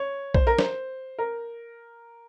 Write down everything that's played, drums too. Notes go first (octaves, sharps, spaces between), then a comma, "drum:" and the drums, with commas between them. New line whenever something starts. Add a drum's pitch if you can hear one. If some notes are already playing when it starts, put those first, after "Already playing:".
Already playing: C#5
C5, drum: kick
A#4
C5, drum: snare
A#4